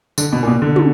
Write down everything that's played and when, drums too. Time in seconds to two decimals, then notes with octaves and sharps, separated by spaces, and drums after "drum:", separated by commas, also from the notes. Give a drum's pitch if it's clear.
0.18 D3, drum: tambourine
0.33 B2
0.43 A#2
0.47 B2
0.62 D3
0.76 drum: tom